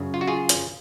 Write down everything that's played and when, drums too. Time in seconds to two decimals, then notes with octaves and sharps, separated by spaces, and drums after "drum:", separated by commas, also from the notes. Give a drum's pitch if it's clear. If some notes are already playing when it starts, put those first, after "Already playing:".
Already playing: F#2 C#3
0.14 F4
0.21 F#4
0.28 F4 G#4
0.49 drum: hi-hat